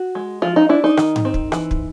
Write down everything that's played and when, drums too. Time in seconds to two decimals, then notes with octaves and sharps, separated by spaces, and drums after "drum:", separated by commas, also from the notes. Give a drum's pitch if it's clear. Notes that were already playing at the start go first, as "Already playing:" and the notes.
Already playing: F#4
0.15 G#3
0.42 F3 F4
0.56 D#4
0.69 D4 E4
0.84 D#4
0.97 D#3, drum: rim click
1.16 drum: tom G#2
1.25 C4
1.34 drum: kick
1.52 E3, drum: rim click
1.71 drum: kick